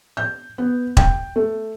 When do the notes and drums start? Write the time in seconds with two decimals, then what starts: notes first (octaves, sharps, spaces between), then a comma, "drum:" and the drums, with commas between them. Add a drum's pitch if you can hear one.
0.17 G6
0.58 B3
0.97 G5, drum: kick E1
1.36 A3